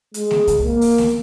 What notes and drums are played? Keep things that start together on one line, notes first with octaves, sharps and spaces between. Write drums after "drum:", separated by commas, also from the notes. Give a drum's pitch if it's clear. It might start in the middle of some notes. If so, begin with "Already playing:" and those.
G#3, drum: hi-hat
drum: snare A3
drum: kick C2, hi-hat
A#3
drum: open hi-hat
drum: snare A3